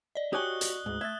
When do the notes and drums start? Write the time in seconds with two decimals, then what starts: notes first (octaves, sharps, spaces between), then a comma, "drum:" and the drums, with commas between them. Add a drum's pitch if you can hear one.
0.15 D5 D#5
0.33 F#4 G4 C#5 G#5 D#6 F#6 G7
0.61 drum: hi-hat
0.86 D2 G#2
1.01 A3 E5 G#6 A6